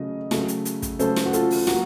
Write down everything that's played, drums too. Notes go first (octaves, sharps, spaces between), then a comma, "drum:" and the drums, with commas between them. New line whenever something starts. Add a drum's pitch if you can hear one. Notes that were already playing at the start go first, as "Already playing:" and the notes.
Already playing: C#3 F#3 A3 D#5
C#3 F#3 A3, drum: snare
drum: hi-hat
drum: hi-hat
drum: kick, hi-hat
C#3 F#3 A3 A4 C5, drum: hi-hat
drum: snare
F#4
F4 A4, drum: hi-hat
drum: open hi-hat
F#3 A#3 F#4, drum: snare